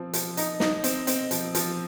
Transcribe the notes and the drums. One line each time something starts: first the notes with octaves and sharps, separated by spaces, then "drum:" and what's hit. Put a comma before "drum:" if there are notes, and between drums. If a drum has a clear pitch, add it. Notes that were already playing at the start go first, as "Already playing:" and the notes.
Already playing: F3 C4
F3, drum: hi-hat
D#4, drum: hi-hat
D#4, drum: snare
C4, drum: hi-hat
C4, drum: hi-hat
F3, drum: hi-hat
F3, drum: hi-hat